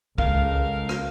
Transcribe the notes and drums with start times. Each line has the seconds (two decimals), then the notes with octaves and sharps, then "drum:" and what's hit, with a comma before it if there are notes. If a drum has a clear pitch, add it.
0.18 C#2 A3 A#4 F5, drum: kick
0.89 drum: rim click